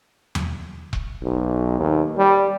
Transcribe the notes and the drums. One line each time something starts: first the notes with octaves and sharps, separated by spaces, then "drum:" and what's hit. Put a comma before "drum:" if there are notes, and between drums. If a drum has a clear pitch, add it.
drum: tom E2
drum: kick E1
B1
D#2
G3